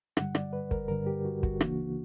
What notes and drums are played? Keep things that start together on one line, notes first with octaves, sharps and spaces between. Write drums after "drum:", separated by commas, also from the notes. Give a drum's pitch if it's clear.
G2 D3 G3 F#5, drum: rim click
D5, drum: rim click
B4
A#4, drum: kick
G2 D3 G3 A#4
G4
F#4
F#4, drum: kick
C#2 C#3 E3 A#3 D4 F#4, drum: rim click